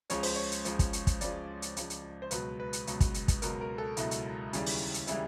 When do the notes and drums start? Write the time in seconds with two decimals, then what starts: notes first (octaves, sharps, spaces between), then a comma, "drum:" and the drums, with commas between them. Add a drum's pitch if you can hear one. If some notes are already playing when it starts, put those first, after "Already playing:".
0.10 C#2 C#3 F3 C#5, drum: hi-hat
0.23 C5, drum: open hi-hat
0.36 C#5
0.52 drum: hi-hat
0.65 C#2 C#3 F3, drum: hi-hat
0.79 drum: kick, hi-hat
0.93 drum: hi-hat
1.07 drum: kick, hi-hat
1.21 C#2 C#3 F3 D5, drum: hi-hat
1.62 drum: hi-hat
1.77 C#2 C#3 F3, drum: hi-hat
1.90 drum: hi-hat
2.22 C5
2.31 C#2 B2 F#3 B4, drum: hi-hat
2.60 B4
2.73 drum: hi-hat
2.87 C#2 B2 F#3, drum: hi-hat
3.00 drum: kick, hi-hat
3.14 drum: hi-hat
3.28 drum: kick, hi-hat
3.42 C#2 B2 F#3 A#4, drum: hi-hat
3.61 A#4
3.78 A4
3.97 C#2 B2 F#3 E4, drum: hi-hat
4.11 drum: hi-hat
4.53 D#2 C#3 E3 G3, drum: hi-hat
4.66 drum: open hi-hat
4.94 drum: hi-hat
5.07 C#3 E3 G3 E4, drum: hi-hat